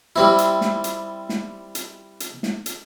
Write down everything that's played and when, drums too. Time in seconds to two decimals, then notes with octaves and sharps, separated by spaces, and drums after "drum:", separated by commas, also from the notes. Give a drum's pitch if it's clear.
0.16 G3 C4 E4
0.38 drum: hi-hat
0.61 drum: snare
0.84 drum: hi-hat
1.29 drum: snare
1.75 drum: hi-hat
2.20 drum: hi-hat
2.43 drum: snare
2.66 drum: hi-hat